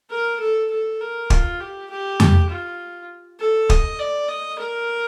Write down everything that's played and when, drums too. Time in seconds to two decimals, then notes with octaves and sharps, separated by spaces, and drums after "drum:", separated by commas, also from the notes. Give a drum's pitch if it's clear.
0.10 A#4
0.40 A4
0.70 A4
1.01 A#4
1.30 F4, drum: kick
1.60 G4
1.90 G4
2.20 drum: tom F2
2.50 F4
3.39 A4
3.70 D#5, drum: kick
3.99 D5
4.28 D#5
4.59 A#4